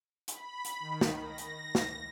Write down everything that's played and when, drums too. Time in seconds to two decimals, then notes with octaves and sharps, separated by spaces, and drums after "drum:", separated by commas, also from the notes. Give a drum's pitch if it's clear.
0.28 B5, drum: hi-hat
0.65 drum: hi-hat
0.80 D#3
1.01 drum: snare
1.21 A#6
1.38 drum: hi-hat
1.75 drum: snare